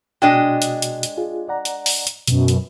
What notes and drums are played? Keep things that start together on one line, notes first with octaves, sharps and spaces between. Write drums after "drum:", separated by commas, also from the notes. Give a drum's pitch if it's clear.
B2 G#3 D4 F#4 D#5 G5
drum: hi-hat
drum: hi-hat
drum: hi-hat
F4 G#4
D5 F#5 A#5
drum: hi-hat
drum: open hi-hat
drum: hi-hat
F#2 B2 F#3, drum: hi-hat
drum: hi-hat